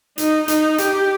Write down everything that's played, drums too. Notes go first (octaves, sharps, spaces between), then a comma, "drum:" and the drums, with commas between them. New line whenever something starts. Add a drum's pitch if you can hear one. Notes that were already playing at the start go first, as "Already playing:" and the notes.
D#4, drum: hi-hat
D#4, drum: hi-hat
G4, drum: hi-hat